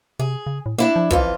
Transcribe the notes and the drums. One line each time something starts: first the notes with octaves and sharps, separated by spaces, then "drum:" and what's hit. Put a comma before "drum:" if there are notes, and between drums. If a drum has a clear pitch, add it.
C3 G#4
C#3
A2
A#3 D4 E4 E5
F3
C2 F2 E3 F4, drum: kick